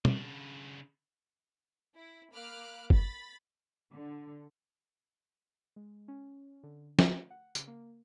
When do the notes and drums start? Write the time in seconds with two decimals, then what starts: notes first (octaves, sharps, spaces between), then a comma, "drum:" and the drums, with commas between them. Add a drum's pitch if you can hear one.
0.05 C#3 D4, drum: tom
1.95 E4
2.33 A#3 F5 B5 D6 F6 F#6
2.90 B5 A6 B6, drum: kick
3.94 D3
5.76 G#3
6.08 C#4
6.63 D3
6.99 A3, drum: snare
7.30 F#5
7.55 C#3, drum: tambourine
7.68 A#3